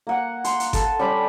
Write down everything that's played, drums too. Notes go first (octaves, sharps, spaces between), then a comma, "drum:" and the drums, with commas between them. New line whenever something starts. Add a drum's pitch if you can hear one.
A#3 F#5
C6, drum: hi-hat
drum: hi-hat
A4, drum: kick G1, hi-hat
G3 C#4 B5 D6